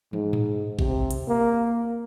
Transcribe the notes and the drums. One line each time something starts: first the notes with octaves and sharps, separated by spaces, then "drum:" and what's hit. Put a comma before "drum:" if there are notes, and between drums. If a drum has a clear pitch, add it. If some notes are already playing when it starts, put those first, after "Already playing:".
G#2, drum: tom
drum: tom A2
C3, drum: kick
drum: hi-hat
A#3